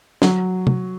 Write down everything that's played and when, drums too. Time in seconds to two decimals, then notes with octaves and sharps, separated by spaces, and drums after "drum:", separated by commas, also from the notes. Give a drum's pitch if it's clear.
0.22 F#3, drum: snare
0.67 drum: tom C3